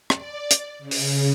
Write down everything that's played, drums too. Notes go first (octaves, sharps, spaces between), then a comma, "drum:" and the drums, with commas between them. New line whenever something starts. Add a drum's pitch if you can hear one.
D5, drum: rim click
drum: hi-hat
C#3
drum: open hi-hat